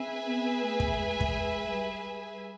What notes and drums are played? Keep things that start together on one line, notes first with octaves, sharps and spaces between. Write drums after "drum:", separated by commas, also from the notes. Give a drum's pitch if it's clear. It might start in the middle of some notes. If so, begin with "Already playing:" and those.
Already playing: C4 G#4 B4 E5 G#5
B3
A3
drum: kick
G#3
drum: kick
G3